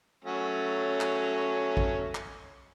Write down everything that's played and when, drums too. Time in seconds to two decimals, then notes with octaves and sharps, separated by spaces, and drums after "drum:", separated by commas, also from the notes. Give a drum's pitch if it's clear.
0.25 F#3 A3 C#4
1.01 drum: clap
1.77 drum: kick
2.15 drum: clap